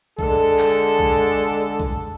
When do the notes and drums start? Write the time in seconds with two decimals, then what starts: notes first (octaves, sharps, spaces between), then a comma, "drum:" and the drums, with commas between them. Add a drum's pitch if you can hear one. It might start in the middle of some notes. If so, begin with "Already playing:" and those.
0.19 D3 G#3 A4, drum: kick A#1
0.59 drum: clap
0.99 drum: kick A#1
1.79 drum: kick A#1